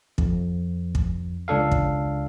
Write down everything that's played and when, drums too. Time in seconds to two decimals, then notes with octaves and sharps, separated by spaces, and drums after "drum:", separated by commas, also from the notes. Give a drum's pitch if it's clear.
0.18 F2, drum: kick
0.95 drum: kick
1.48 C#2 D4 A4 F5
1.72 drum: kick